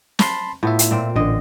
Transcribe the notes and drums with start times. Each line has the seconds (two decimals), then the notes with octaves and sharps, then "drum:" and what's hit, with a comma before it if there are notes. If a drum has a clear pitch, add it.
0.19 A5 B5 C6, drum: snare
0.63 A2 B3 F4 E5
0.79 drum: hi-hat
0.91 A#2 C4
1.16 A1 D3 D#5